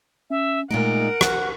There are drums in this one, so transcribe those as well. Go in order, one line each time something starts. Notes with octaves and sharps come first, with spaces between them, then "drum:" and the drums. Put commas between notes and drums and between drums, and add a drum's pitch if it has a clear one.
C#4 E5
A#2 G#3 A3 D#4 A#4 F#5 D7
F#4 F#6, drum: rim click